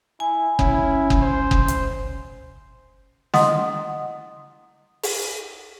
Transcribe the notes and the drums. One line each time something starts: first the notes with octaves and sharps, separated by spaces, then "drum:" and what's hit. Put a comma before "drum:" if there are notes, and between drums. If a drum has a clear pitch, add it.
E4 G#5
C#4 E4, drum: kick F#1
drum: kick F#1
C5
drum: kick F#1
drum: hi-hat
E4 D#5 F#5 C6 D#6, drum: snare
drum: open hi-hat